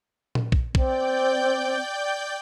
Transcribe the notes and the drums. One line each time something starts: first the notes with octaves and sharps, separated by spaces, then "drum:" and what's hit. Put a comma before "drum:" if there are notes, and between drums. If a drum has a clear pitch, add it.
drum: tom A#2
drum: kick
C4 D5 G5 G6, drum: kick